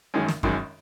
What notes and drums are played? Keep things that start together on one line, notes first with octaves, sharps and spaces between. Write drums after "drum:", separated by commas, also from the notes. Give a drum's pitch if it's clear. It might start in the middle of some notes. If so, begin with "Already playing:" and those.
G#1 F#2 D#3 G#3 C#4
drum: snare
G#1 F#2 D#3 G#3 C#4, drum: kick F#2